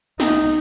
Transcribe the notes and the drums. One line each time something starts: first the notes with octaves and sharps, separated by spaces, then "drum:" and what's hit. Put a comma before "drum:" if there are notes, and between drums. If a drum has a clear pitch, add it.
D#4, drum: snare